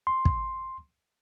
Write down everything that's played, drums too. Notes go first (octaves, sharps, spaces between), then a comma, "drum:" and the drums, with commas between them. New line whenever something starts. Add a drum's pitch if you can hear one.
C6
drum: kick